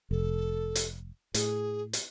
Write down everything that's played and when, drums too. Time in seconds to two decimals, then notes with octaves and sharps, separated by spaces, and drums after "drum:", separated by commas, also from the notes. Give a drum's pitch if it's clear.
0.11 F1 A4
0.75 drum: hi-hat
1.34 A2 G#4, drum: hi-hat
1.93 drum: hi-hat